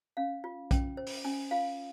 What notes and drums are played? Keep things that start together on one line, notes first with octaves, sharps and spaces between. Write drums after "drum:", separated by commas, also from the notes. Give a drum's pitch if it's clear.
C#4 F5
F4
C#4 G5, drum: kick B1, hi-hat
C5
drum: open hi-hat
C#4 G#5
F4 F5